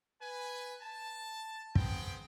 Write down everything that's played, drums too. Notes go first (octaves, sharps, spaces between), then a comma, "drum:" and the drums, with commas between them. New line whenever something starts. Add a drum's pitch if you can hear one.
B4 G#5
A5
B3 C4 G#4 G5, drum: kick